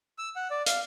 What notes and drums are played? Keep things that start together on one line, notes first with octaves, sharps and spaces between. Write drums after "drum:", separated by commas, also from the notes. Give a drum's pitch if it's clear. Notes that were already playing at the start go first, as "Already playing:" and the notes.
E6
F#5
D5
F5, drum: hi-hat